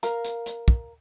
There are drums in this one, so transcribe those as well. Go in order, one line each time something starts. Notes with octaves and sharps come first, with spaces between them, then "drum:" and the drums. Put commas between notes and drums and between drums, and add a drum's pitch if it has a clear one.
A#4 F5 A#5, drum: hi-hat
drum: hi-hat
drum: hi-hat
drum: kick